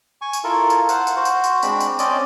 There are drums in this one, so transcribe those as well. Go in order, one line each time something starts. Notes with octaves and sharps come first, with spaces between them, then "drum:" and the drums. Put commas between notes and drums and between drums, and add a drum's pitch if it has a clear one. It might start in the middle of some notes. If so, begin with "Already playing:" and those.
G#5 C#6
drum: tambourine
E4 F4 A4 A#4
drum: tambourine
C5 F5 F#5, drum: tambourine
drum: tambourine
F#4 C5
drum: tambourine
drum: tambourine
G#3 C4 D4 B5, drum: tambourine
drum: tambourine
C4 C#4 D5 D#5, drum: tambourine